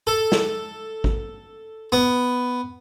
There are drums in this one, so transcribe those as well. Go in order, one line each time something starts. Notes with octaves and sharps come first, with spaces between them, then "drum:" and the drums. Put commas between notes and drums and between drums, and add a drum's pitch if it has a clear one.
A4
drum: snare
drum: kick
B3